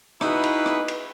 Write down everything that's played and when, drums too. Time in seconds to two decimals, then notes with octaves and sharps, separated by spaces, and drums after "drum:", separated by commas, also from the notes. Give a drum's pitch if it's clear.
0.21 D#4 E4 F#4 G#4 B4 E5, drum: rim click
0.43 drum: cymbal
0.66 drum: rim click
0.88 drum: cymbal